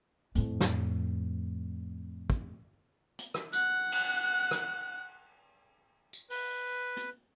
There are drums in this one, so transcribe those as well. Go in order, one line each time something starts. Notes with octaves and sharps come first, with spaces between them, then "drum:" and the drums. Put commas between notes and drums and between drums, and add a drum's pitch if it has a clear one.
F2 A2, drum: hi-hat
drum: snare
drum: kick
drum: hi-hat
drum: rim click
F#5 F#6, drum: tambourine
drum: cymbal
drum: rim click
drum: tambourine
B4, drum: open hi-hat
drum: hi-hat